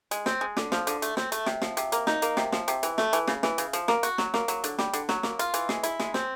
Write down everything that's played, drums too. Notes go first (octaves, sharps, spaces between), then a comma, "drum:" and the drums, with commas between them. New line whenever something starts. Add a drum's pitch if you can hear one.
G#3, drum: hi-hat
C4, drum: snare
G#3
D3, drum: snare
F3, drum: snare
D3, drum: hi-hat
A3, drum: hi-hat
C4, drum: snare
A3, drum: hi-hat
C3, drum: snare
F3, drum: snare
C3, drum: hi-hat
A#3, drum: hi-hat
D#4, drum: snare
A#3, drum: hi-hat
C3, drum: snare
F3, drum: snare
C3, drum: hi-hat
E3, drum: hi-hat
A3, drum: snare
E3, drum: hi-hat
C#3, drum: snare
E3, drum: snare
C#3, drum: hi-hat
F3, drum: hi-hat
A#3, drum: snare
F#4, drum: hi-hat
F#3, drum: snare
A#3, drum: snare
F#3, drum: hi-hat
D3, drum: hi-hat
G3, drum: snare
D3, drum: hi-hat
F#3, drum: snare
A#3, drum: snare
F4, drum: hi-hat
E3, drum: hi-hat
G#3, drum: snare
E4, drum: hi-hat
G#3, drum: snare
C4, drum: snare